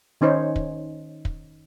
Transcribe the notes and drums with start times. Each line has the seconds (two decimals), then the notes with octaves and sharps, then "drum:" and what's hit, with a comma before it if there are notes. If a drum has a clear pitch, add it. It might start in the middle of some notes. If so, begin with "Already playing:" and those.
0.21 D#3 C#4 D#4 C5 C#5
0.56 drum: kick
1.25 drum: kick